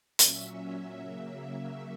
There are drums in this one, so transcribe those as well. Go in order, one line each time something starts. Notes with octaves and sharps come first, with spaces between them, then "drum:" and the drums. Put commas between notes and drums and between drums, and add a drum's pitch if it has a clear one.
A#2 F#3 C#4 E5, drum: hi-hat
C#3 F#3 A#3